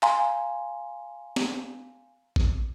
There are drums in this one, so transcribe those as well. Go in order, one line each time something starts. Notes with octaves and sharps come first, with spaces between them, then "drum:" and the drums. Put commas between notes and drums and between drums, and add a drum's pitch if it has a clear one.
F5 G#5 A#5 C6, drum: clap
drum: snare
drum: kick A#1